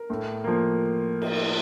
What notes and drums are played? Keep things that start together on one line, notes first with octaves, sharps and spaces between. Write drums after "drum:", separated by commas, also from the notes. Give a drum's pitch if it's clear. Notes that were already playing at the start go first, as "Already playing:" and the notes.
Already playing: A#4
A2
F3 A#3
drum: cymbal
drum: cymbal